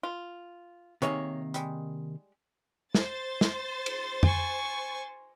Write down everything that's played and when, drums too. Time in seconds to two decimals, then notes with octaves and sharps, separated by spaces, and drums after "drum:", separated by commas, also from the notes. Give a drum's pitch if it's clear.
0.03 F4
1.02 C3 D#3 A#3 G#4 C#5, drum: hi-hat
1.54 G3 G#3, drum: hi-hat
2.95 C5 A6, drum: snare
3.41 drum: snare
3.86 drum: cymbal
4.23 G#5 C#6, drum: tom F2